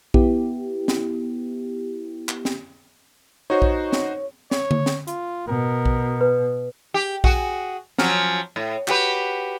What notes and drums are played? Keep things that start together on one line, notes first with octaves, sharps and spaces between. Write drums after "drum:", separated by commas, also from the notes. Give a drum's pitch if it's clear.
B3 E4 G4, drum: kick A#1
drum: snare
drum: clap
drum: snare
D#4 F#4 C5 C#5
drum: kick A#1
drum: snare
C#5, drum: snare
drum: tom D3
drum: snare
F4, drum: hi-hat
B2 A#4
drum: kick A#1
B4
G4
F#4 G#4, drum: kick A#1
F3 F#3 C#4, drum: snare
A2
F#4 G4 B4, drum: clap